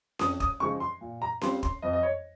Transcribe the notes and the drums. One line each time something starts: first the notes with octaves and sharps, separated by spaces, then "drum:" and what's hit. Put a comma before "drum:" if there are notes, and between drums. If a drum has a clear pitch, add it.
F2 D#6, drum: snare C#4
D#6, drum: kick
C#3 F3 G#3 D#4 C#6
C6
A#2
A#5
G3 C4 F4 C6, drum: snare C#4
C6, drum: kick
F2 D#5
D#5
C#5